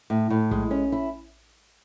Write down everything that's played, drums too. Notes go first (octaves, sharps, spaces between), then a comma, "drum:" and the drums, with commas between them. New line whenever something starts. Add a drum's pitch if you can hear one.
A2
A2
G#3, drum: kick A#1
C#4
E4